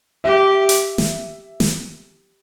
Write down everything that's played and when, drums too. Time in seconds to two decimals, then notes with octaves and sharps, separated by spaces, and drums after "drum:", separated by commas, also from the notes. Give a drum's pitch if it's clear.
0.24 G4 E5
0.69 drum: hi-hat
0.98 drum: snare
1.60 drum: snare